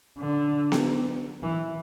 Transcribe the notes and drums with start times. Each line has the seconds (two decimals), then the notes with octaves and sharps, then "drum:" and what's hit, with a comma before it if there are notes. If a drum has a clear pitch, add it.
0.18 D3
0.72 drum: snare B3
1.42 E3